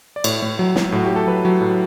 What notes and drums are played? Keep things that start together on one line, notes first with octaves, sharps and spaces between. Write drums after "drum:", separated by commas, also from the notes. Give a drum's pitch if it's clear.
D5
A2 C#5, drum: cymbal
A2
F#3
F#3, drum: snare
A2 F#4
A2 G4
A4
F#3 B4
F#3
A2